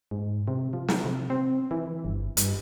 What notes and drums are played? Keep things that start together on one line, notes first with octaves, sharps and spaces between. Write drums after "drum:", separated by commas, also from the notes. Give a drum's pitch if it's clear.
G#2
C3
F3
drum: snare
C3
C4
E3
G1
G2, drum: hi-hat